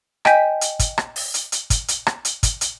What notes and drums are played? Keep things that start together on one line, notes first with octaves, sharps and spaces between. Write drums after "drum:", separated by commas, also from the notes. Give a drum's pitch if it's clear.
D#5 G5 G#5 G6 B6, drum: rim click
drum: hi-hat
drum: kick, hi-hat
drum: rim click
drum: open hi-hat
drum: hi-hat
drum: hi-hat
drum: kick, hi-hat
drum: hi-hat
drum: rim click
drum: hi-hat
drum: kick, hi-hat
drum: hi-hat